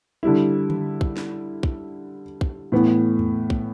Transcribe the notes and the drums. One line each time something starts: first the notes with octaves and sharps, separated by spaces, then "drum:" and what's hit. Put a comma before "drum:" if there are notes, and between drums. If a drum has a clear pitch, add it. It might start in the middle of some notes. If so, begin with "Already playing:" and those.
D3 G3 E4
drum: tom D3
drum: kick
drum: snare
drum: kick
drum: kick
A2 E3 B3
drum: tom E2
drum: kick